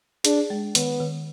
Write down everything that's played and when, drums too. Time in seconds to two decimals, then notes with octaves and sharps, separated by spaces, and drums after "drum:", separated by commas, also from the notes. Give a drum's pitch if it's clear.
0.25 D4 G#4, drum: hi-hat
0.50 G#3
0.75 D#3 B3, drum: hi-hat
1.00 D#3